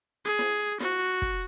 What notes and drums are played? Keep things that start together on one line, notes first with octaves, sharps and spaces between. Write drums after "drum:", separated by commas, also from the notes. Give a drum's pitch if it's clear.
G#4
drum: snare
F#4, drum: snare
drum: kick